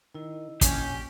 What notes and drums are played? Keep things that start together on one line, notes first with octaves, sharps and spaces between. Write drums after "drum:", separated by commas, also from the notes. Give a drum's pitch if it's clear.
D#3 E4 D#5
A#1 C#4 G4, drum: kick, hi-hat